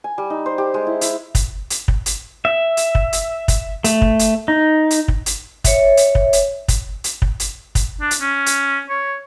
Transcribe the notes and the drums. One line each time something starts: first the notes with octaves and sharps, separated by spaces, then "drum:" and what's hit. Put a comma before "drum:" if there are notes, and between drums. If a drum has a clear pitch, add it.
G#5
G3
D#4
C5
G4
G#3
E4
E4, drum: hi-hat
drum: kick, hi-hat
drum: hi-hat
drum: kick
drum: hi-hat
E5
drum: hi-hat
drum: kick
drum: hi-hat
drum: kick, hi-hat
A3, drum: hi-hat
drum: kick
drum: hi-hat
D#4
drum: hi-hat
drum: kick
drum: hi-hat
C#5 E5, drum: kick, hi-hat
drum: hi-hat
drum: kick
drum: hi-hat
drum: kick, hi-hat
drum: hi-hat
drum: kick
drum: hi-hat
drum: kick, hi-hat
D4
drum: hi-hat
C#4
drum: hi-hat
C#5